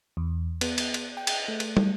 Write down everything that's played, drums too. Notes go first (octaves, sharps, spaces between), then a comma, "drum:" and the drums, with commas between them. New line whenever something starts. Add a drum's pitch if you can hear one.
E2
B3, drum: cymbal
drum: cymbal
drum: cymbal
G5
drum: cymbal
A3
drum: cymbal
drum: tom